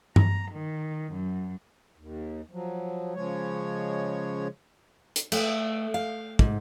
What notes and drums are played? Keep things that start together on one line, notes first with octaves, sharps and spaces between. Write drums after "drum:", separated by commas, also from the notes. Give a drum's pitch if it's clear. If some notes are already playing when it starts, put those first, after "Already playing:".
A#5, drum: tom G2
D#3
F#2
D#2
F3 F#3
C#3 F3 G#3 C#5
drum: hi-hat
A3, drum: cymbal
F5
G#2, drum: kick